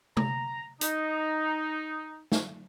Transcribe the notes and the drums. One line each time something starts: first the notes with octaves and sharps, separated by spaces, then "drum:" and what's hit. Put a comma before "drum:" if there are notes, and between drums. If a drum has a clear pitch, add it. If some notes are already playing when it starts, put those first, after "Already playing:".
A#5, drum: tom
D#4, drum: hi-hat
drum: snare